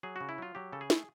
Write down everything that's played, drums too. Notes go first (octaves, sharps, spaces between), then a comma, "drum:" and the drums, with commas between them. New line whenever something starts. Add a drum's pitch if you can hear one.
F#3 G#4
C#3 F#4
E4
F#3 F4
F#3 G4
C#3 A4
G#4
A3, drum: snare